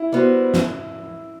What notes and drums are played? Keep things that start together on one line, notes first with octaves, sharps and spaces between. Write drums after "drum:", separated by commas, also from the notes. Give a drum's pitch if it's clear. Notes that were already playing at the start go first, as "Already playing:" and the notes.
Already playing: E4
G3 B3 F#4 C5
drum: snare